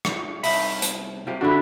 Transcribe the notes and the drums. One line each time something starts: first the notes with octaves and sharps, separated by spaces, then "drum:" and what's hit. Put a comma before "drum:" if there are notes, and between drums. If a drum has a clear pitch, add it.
drum: rim click
C2 D#4 E5 B5, drum: open hi-hat
drum: hi-hat
C2 C3 F4 G4
D3 D4 F4 F#4 B4 E5